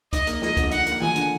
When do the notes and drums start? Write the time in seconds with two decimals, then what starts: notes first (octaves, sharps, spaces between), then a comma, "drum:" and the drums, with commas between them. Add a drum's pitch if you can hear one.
0.13 D#4 D#5, drum: kick, hi-hat
0.27 A#3, drum: hi-hat
0.42 F3 D#5, drum: snare
0.57 D3, drum: kick, hi-hat
0.71 D#4 F#5, drum: hi-hat
0.86 A#3, drum: hi-hat
1.02 F3 G#5, drum: tom D#3
1.16 D3, drum: hi-hat